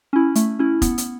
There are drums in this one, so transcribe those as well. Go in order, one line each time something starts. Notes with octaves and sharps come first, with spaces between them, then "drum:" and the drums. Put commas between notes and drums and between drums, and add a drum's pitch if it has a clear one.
C#4 E4
A3, drum: hi-hat
C#4 E4
B3, drum: kick F1, hi-hat
drum: hi-hat